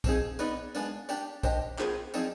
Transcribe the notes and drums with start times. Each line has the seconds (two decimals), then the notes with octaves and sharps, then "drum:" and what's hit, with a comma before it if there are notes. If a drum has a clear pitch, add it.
0.04 F3 C4 D#4 G#4, drum: kick, tambourine
0.39 B3 D#4 B4 D5, drum: tambourine
0.75 G#3 B3 D4, drum: tambourine
1.09 D4 G4 D5, drum: tambourine
1.43 D4 G4 C5 D#5, drum: kick, tambourine
1.79 D#3 B3 F4 G#4 C5, drum: clap
2.14 F3 C4 D#4 G#4 D5, drum: tambourine